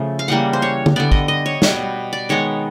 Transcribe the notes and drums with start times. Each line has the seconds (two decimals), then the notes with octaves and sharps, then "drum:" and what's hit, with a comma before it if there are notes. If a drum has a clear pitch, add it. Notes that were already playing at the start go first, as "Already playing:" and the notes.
Already playing: C#3 F3 A3
0.19 F5
0.28 C#3 E3 G3 A#3 F#5
0.53 C5
0.62 C#5
0.86 drum: tom
0.96 D3 G3 B3 D5
1.12 D#5, drum: kick
1.28 D#5
1.46 C#5
1.62 B2 G3 B3, drum: snare
2.13 D5
2.29 D#3 G#3 B3 C#5